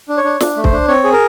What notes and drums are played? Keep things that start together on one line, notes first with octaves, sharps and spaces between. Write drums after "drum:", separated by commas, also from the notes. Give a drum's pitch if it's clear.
D4
C#5
D4
D4, drum: snare
A3
C5, drum: kick
D4
C4 C#5
G#4
A#4